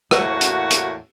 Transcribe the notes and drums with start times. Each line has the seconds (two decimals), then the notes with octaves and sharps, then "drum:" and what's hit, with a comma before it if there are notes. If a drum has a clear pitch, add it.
0.11 E2 A2 A#3 F#4, drum: rim click
0.41 drum: hi-hat
0.71 drum: hi-hat